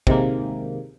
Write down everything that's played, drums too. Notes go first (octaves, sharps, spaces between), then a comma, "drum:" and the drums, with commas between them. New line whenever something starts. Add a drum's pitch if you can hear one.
C3 D#3 G#3 A#3, drum: kick